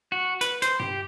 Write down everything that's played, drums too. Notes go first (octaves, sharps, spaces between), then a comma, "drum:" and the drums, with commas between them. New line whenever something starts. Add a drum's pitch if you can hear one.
F#4
B4, drum: hi-hat
C5, drum: hi-hat
G4, drum: tom G2